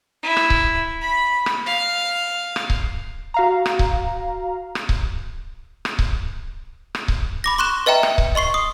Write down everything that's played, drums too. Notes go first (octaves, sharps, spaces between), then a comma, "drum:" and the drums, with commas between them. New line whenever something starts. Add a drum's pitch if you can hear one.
E4
drum: rim click
drum: kick C#1
B5
drum: rim click
F5
drum: rim click
drum: kick C#1
F#4 F5 A#5
drum: rim click
drum: kick C#1
drum: rim click
drum: kick C#1
drum: rim click
drum: kick C#1
drum: rim click
drum: kick C#1
B5 D6 A#6
C6 C#6 F#6 E7
B4 D#5 E5 G5 A#5
G5, drum: rim click
drum: kick C#1
D#5 C6 C#6 C7
D#6